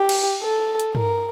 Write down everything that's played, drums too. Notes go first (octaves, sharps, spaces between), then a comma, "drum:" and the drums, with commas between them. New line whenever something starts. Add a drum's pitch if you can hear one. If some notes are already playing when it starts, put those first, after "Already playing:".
Already playing: G4
drum: cymbal
A4
drum: hi-hat
A#4, drum: tom G2